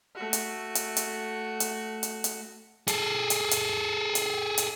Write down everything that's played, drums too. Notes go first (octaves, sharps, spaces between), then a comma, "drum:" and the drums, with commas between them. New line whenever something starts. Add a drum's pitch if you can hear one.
A3 F#4
drum: hi-hat
drum: hi-hat
drum: hi-hat
drum: hi-hat
drum: hi-hat
drum: hi-hat
G#4 A4, drum: hi-hat
drum: hi-hat
drum: hi-hat
drum: hi-hat
drum: hi-hat